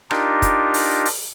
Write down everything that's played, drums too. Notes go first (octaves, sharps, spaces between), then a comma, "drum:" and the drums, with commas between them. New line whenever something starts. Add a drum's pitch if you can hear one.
D4 D#4 F4 G4 A#4, drum: rim click
drum: kick, hi-hat
drum: open hi-hat
drum: open hi-hat